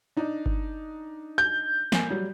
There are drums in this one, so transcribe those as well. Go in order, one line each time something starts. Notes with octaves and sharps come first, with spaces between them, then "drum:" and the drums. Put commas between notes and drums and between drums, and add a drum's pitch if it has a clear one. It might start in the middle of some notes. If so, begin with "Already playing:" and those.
D4 D#4
drum: kick G1
G6
A#3 G#5, drum: snare
F#3 G3